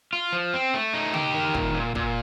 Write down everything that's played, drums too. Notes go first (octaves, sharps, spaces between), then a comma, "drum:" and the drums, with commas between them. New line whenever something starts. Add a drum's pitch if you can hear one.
F4
F3
C4
A3
D#4
G4, drum: tom C#3
D#3
A#2, drum: kick
A#2
A#2, drum: kick